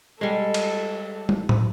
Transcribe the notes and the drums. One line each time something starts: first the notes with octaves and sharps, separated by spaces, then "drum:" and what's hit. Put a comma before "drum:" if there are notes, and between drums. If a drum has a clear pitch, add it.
G3 G#3 A4
drum: cymbal
drum: tom
drum: tom A2